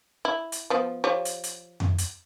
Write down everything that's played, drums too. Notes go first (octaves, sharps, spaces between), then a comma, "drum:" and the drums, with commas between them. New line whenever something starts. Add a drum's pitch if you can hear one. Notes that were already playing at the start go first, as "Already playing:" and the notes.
E4
drum: hi-hat
F3 B3
F3 G4 C#5
drum: hi-hat
drum: hi-hat
drum: tom F2
drum: hi-hat